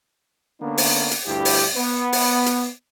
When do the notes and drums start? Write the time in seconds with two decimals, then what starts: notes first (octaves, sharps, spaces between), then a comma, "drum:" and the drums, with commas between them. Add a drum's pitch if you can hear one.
0.61 D3 A#3 B3 C#4 D4
0.78 drum: open hi-hat
1.11 drum: hi-hat
1.26 D2 G2 E4 G4
1.45 drum: open hi-hat
1.75 B3
2.13 drum: open hi-hat
2.46 drum: hi-hat